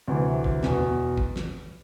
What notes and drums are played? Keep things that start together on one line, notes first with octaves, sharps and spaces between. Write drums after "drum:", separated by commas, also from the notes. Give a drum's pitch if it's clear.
D2 C3 E3
drum: kick
E2 B2, drum: snare
drum: kick
drum: snare